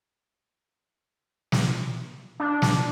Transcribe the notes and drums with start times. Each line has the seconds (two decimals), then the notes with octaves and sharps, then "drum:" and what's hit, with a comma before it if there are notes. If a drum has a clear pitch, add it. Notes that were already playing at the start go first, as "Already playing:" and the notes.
1.52 drum: snare
2.40 D4
2.62 drum: snare